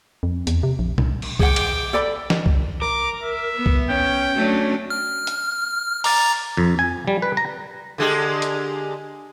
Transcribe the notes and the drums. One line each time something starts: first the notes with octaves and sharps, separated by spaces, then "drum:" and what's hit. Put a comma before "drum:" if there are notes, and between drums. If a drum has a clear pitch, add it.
F2
E2, drum: hi-hat
C3
A#1
C2, drum: tom
drum: cymbal
G#4 F#5 G5 D6, drum: kick C2
drum: cymbal
A4 D5 B5
drum: snare
drum: kick C2
A#4 D6
E5
B3
drum: kick C2
C#4 G5
F#3 A3 D4
F6
drum: hi-hat
A#5 D6 A6, drum: open hi-hat
F2
G#5
G3
B4
A#5
D3 G#3 G4
drum: hi-hat